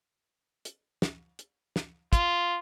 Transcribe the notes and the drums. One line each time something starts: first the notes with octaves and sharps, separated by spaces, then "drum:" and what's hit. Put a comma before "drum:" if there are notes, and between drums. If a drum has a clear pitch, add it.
drum: hi-hat
drum: snare
drum: hi-hat
drum: snare
F4, drum: kick, hi-hat